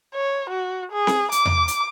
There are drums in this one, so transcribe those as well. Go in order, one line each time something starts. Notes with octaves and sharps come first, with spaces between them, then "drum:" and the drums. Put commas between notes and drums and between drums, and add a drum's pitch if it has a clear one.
C#5
F#4
G#4
drum: snare C4
D6, drum: hi-hat
drum: tom E2
drum: hi-hat